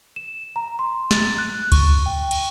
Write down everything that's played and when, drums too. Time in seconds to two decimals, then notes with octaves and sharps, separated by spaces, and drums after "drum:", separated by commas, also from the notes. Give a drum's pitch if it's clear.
0.16 E7
0.56 A#5
0.79 C6
1.11 A6, drum: snare
1.38 F#6
1.72 C#6, drum: kick C#2, cymbal
2.06 G5
2.31 drum: cymbal